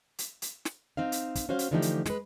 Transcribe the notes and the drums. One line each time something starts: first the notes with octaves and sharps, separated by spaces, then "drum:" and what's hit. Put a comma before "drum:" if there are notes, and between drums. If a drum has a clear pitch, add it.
drum: hi-hat
drum: hi-hat
drum: snare
C4 D#4 F5
drum: hi-hat
drum: kick, hi-hat
C#4 F#4 C5 F5
drum: hi-hat
D3 E3 F3 A3 D#4 G4
drum: hi-hat
G#3 B4, drum: snare